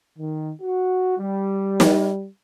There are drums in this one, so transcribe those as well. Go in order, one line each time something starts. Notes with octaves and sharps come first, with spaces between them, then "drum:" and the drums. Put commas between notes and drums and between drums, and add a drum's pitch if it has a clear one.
D#3
F#4
G3
drum: snare